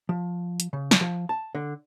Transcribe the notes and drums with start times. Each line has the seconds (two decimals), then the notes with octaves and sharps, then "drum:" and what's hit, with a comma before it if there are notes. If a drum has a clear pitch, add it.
0.09 F3
0.60 drum: hi-hat
0.73 C#3
0.91 drum: snare
1.01 F3
1.29 A5
1.55 D3